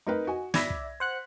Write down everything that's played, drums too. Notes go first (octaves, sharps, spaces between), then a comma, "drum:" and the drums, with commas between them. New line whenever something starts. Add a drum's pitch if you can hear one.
F#3 A3 C4 D#4 A#4 B4
F#4 D#5 G#5
G#2 D#3 D5 E5 B5 G#6 A#6 B6, drum: snare
drum: kick
C5 F#5 F#6